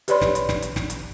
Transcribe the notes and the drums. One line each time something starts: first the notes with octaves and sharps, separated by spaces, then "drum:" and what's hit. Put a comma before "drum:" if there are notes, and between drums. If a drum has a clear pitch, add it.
G4 B4 C#5 D5 B5 C6, drum: hi-hat
drum: snare
drum: hi-hat
drum: snare
drum: hi-hat
drum: snare
drum: hi-hat